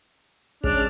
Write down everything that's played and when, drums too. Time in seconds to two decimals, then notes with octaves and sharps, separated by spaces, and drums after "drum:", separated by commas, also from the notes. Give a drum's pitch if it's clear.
0.64 G#3 C#4 D4 F6, drum: kick